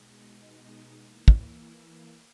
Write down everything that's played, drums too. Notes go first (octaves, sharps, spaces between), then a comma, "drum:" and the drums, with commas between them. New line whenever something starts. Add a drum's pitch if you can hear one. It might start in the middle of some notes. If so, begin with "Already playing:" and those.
Already playing: B2 G#3 D#4
E3 A#3 E4
drum: kick